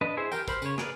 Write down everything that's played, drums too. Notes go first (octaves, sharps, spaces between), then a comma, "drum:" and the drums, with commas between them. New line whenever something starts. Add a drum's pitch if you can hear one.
D4 B4 D#5
E4 G#4 C5 E5
G4 A#4 G5, drum: tambourine
A#4 C5 B5, drum: kick, tambourine
C#3 C#5, drum: tambourine
G#4 A#4 B4 D5, drum: snare